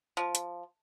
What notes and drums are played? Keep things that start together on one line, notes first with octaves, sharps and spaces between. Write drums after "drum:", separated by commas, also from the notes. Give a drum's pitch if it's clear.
F3
drum: hi-hat